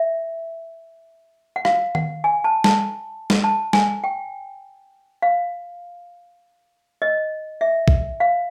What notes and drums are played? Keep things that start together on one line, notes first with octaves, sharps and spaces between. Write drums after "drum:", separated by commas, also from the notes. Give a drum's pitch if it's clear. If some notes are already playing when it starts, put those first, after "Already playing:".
Already playing: E5
F#5
F5, drum: rim click
F#5, drum: tom D#3
G#5
A5
A5, drum: snare
drum: snare
A5
G#5, drum: snare
G5
F5
D#5
E5
drum: kick A#1
F5